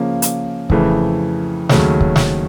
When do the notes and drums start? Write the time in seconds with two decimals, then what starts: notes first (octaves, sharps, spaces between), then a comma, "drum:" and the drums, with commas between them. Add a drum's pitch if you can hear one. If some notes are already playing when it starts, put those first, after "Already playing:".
Already playing: C#3 F3 A#3 C#4
0.22 drum: hi-hat
0.70 F2 C#3 E3 A3, drum: kick C#1
1.69 D#2 C#3 F#3 A3 C#4, drum: snare
2.01 drum: kick C#1
2.16 drum: snare